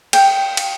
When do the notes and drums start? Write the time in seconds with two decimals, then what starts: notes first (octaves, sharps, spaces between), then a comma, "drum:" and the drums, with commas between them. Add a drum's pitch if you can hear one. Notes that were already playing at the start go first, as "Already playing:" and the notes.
0.13 G5, drum: cymbal
0.57 drum: cymbal